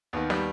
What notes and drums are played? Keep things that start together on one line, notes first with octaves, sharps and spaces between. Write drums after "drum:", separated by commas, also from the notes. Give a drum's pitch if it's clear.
D#2 D#3 B3
G3, drum: snare